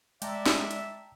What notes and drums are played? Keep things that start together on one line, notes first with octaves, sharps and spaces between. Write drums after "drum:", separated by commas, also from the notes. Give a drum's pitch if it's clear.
G#3 D5 E5 G5 A5 A#5, drum: hi-hat
drum: snare
drum: hi-hat